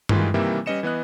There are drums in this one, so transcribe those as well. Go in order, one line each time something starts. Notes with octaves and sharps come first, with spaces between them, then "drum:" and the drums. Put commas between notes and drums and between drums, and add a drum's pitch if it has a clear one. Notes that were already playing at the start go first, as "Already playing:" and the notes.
D#3 E3 G3 G#3 F4 B4, drum: tom G2
C3 D#3 E3 G3 A#3 E5
G3 C#4 B4 D#5 C#7 E7
E3 B3 D#5 F#6